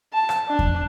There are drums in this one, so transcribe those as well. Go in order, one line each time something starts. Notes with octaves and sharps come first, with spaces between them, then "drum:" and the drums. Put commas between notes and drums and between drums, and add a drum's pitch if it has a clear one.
A5
drum: rim click
D4
drum: kick E2